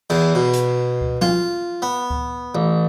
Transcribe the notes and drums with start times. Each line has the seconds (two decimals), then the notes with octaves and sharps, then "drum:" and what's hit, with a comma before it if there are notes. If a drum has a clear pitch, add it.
0.10 E2, drum: cymbal
0.35 B2
0.54 drum: hi-hat
1.01 drum: kick C#2
1.22 F4, drum: tom F3
1.82 B3
2.10 drum: kick C#2
2.55 A1